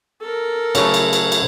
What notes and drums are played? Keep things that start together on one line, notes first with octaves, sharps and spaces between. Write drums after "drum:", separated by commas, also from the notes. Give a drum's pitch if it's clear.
A4 A#4
C#3 F#3 A3, drum: cymbal
drum: cymbal
drum: cymbal
drum: cymbal